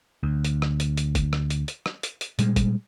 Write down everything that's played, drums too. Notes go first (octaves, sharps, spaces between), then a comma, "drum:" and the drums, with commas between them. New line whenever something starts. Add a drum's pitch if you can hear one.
D2
drum: hi-hat
drum: rim click
drum: hi-hat
drum: hi-hat
drum: kick, hi-hat
drum: rim click
drum: hi-hat
drum: hi-hat
drum: rim click
drum: hi-hat
drum: hi-hat
A#2 G3 G#3, drum: hi-hat
drum: kick, hi-hat